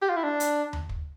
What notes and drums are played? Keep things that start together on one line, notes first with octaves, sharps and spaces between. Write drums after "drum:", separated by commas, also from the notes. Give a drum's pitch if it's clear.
G4
F4
E4
D4
drum: hi-hat
drum: tom D#2
drum: kick